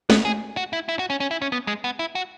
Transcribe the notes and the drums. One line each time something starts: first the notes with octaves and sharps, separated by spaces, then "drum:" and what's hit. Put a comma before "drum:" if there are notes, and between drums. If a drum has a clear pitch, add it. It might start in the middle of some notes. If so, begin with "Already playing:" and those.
B3, drum: snare
G#4
F#4
E4
E4
F#4
C#4
C#4
E4
C#4
B3
G#3
B3
E4
F#4